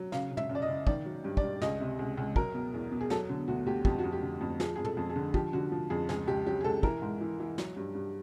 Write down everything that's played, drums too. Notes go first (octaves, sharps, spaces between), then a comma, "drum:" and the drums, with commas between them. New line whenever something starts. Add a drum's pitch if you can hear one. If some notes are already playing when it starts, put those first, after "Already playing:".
Already playing: F#3
C#3 F5, drum: snare
C#3
E5, drum: tom
F#2
D5
D#5
C#3
D#3 D5, drum: kick
F#3
G2
D5, drum: kick
G2
C#2 D#5, drum: snare
C3
C#2
C#2
F#3 A#4, drum: kick
B2
E2
B2
G#4
F#3 A4, drum: snare
D3
D2 F#4
D2 G4
F2 G4, drum: kick
F#4
F2
G4
D3
F2
F3 G#4, drum: snare
F2 G#4
A4, drum: tom
F2
G#4
D3
F3 G4, drum: kick
D3 F#4
F3
F2 G#4
C#2 G#4, drum: snare
C#2 G4
F#3 G4
G#4
C#2 A4
E3 A#4, drum: kick
G#2
E3
E3
F#3, drum: snare
G2
G2